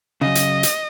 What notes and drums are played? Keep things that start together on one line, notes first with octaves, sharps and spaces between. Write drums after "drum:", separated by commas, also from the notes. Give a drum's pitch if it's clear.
F#2 C#3 D#5
drum: hi-hat
drum: hi-hat